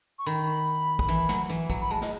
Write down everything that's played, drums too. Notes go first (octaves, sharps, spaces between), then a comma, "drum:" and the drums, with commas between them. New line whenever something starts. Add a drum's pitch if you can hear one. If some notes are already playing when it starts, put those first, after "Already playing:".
C#6
D#3 B5
drum: kick
E3
F#3, drum: snare
E3
F#3, drum: kick
B5
G#3 A5
D#5, drum: snare